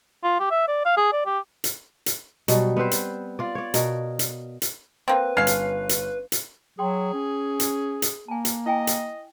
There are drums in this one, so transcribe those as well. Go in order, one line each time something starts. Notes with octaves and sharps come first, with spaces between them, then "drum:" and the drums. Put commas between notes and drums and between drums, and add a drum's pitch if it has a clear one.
F4
G4
E5
D5
F5
G#4
D5
G4
drum: hi-hat
drum: hi-hat
B2 F#3 G3, drum: hi-hat
B3 C4 B4 C5
drum: hi-hat
F4 D5
C#5 D5
B2 A#4, drum: hi-hat
drum: hi-hat
drum: hi-hat
A#3 C4 B4
G1 C#4 A4 F5 F6 C7
drum: hi-hat
drum: hi-hat
drum: hi-hat
F#3 G#4 G5 C6
C#4
drum: hi-hat
drum: hi-hat
A#3 G#5 A5
drum: hi-hat
E4 D#5 G5 G#5
drum: hi-hat